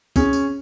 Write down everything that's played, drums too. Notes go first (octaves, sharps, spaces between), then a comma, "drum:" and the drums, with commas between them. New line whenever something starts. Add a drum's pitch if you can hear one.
C#4 G#4, drum: kick, tambourine
drum: tambourine